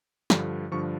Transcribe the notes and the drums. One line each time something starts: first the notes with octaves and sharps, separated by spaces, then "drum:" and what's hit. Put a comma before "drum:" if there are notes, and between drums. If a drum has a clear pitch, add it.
G2 D3 F3, drum: snare
G2 D3 F3 C#6